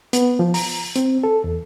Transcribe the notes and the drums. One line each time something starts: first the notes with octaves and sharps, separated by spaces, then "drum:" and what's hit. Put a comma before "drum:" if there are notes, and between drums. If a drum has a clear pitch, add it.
B3, drum: hi-hat
F3
A#5, drum: open hi-hat
C4, drum: hi-hat
A4
E2